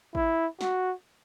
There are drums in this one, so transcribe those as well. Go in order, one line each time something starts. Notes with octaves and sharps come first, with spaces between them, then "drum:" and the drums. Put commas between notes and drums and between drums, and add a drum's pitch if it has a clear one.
E4, drum: kick
F#4, drum: snare